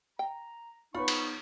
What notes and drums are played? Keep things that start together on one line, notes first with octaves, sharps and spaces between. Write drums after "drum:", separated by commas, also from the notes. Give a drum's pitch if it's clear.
G5 A#5
F3 B3 D#4 F4 B4 C#5 B5 C#6
drum: cymbal